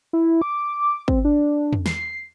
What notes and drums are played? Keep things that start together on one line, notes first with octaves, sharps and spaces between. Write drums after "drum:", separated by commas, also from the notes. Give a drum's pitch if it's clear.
E4
D6
C4, drum: kick
D4
drum: tom
C7, drum: snare